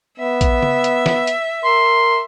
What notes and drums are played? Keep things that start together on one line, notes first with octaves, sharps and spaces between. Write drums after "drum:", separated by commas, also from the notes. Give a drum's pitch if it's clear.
B3 E5
drum: kick A#1, hi-hat
drum: tom C#3
drum: hi-hat
drum: snare
drum: hi-hat
A#4 C6